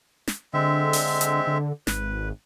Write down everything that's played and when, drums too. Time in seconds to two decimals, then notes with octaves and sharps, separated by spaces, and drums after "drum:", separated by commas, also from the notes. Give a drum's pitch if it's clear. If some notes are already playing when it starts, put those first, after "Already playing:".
0.28 drum: snare
0.54 D3 G#3 C4 E5
0.93 drum: open hi-hat
1.21 drum: hi-hat
1.47 D3
1.87 G#1 B4, drum: snare